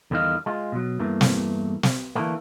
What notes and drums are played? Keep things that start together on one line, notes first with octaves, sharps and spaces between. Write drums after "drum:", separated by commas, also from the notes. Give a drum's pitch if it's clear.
E2 D3 D#3 G3 D#5 F5
G#3 F4
B2 F#3
E2 G2 E3 A3 A#3
drum: snare
drum: snare
D3 E3 F#3 A3 A#3